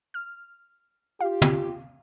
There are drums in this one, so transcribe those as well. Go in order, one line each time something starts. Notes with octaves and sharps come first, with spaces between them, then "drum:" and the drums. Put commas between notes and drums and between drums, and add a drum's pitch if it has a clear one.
F6
F4 G4 F5
drum: tom